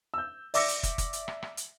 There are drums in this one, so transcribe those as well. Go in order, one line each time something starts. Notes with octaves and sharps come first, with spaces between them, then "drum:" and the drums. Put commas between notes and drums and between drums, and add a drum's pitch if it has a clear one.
E6 G6
D5 E5 D6 E6 A#6 C#7, drum: open hi-hat
drum: hi-hat
drum: kick, hi-hat
drum: kick, hi-hat
drum: hi-hat
drum: rim click
drum: rim click
drum: hi-hat